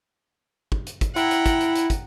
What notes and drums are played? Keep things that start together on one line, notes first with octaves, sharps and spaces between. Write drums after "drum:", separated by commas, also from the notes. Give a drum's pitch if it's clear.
drum: kick
drum: hi-hat
drum: kick, hi-hat
E4 F#5 G5 A#5, drum: hi-hat
drum: hi-hat
drum: kick, hi-hat
drum: hi-hat
drum: hi-hat
drum: kick, hi-hat